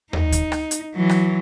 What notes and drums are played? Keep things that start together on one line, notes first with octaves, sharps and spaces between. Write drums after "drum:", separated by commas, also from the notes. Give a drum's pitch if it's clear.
D#4, drum: tom D#2
drum: kick D2, hi-hat
drum: rim click
drum: hi-hat
E3 F#3
drum: rim click